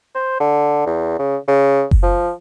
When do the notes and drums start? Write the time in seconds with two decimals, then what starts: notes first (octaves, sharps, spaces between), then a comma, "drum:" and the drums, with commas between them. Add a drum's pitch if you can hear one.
0.15 C5
0.40 D3
0.86 E2
1.19 C#3
1.48 C#3
1.91 drum: kick F#1
2.03 F3